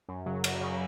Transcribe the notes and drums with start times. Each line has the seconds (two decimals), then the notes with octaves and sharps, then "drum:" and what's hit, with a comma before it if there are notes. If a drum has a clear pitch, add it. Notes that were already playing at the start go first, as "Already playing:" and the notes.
0.09 F#2
0.26 C#3 F#3
0.44 F#2, drum: cymbal
0.61 C#3 F#3